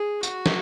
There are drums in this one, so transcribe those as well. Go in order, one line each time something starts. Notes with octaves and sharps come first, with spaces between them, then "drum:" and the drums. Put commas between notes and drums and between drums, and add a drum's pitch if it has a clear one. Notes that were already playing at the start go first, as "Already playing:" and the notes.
Already playing: G#4
F#4, drum: tambourine
drum: snare